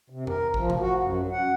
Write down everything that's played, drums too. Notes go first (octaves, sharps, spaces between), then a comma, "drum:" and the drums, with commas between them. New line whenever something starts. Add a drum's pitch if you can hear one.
C3
A#4, drum: tom F2
F3, drum: kick A1
drum: tom C3
F#4
F#2
F#5